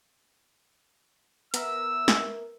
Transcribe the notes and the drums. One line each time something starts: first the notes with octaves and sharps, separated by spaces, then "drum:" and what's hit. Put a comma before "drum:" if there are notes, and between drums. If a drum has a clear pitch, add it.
B3 A#4 E5 E6, drum: hi-hat
drum: snare